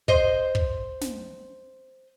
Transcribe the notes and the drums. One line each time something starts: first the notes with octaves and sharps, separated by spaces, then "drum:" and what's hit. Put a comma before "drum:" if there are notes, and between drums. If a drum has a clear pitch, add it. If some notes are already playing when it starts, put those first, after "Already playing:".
C5 D#5, drum: kick
drum: kick
drum: snare